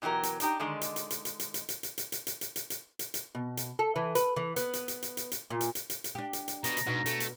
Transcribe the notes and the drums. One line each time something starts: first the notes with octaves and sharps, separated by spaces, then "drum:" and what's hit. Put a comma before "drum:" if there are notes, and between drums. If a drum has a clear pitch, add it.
B2 E3 F#3 G4 A#4
drum: hi-hat
D4 D#4 G4, drum: hi-hat
D3 D#3 G#3 D5
drum: hi-hat
drum: hi-hat
drum: hi-hat
drum: hi-hat
drum: hi-hat
drum: hi-hat
drum: hi-hat
drum: hi-hat
drum: hi-hat
drum: hi-hat
drum: hi-hat
drum: hi-hat
drum: hi-hat
drum: hi-hat
drum: hi-hat
drum: hi-hat
B2
drum: hi-hat
A4
E3
B4, drum: hi-hat
E3
B3, drum: hi-hat
drum: hi-hat
drum: hi-hat
drum: hi-hat
drum: hi-hat
drum: hi-hat
A#2
drum: hi-hat
drum: hi-hat
drum: hi-hat
drum: hi-hat
D4 G4
drum: hi-hat
drum: hi-hat
B2 A#5, drum: hi-hat
drum: hi-hat
G#2 B2 D4 F#4
A3, drum: hi-hat
drum: hi-hat